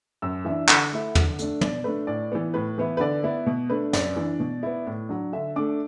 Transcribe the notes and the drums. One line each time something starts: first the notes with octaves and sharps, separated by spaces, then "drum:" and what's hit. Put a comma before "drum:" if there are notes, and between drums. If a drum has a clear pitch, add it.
F#2 E6
E3 D4 E5
D3 F#5, drum: clap
A3 E4
D3, drum: tom
A3 D4, drum: hi-hat
B2 D5, drum: tom
A3 D4 B4
A2 D5
E3 B3
A2 B4
E3 B3 E4
B4
D3 D5
B3 E4
B2
A3 D4 B4
F#2 D5, drum: snare
E3 D4
B2
B3 E4
A2
F#3 D4
D3 E5
A3 D4 D6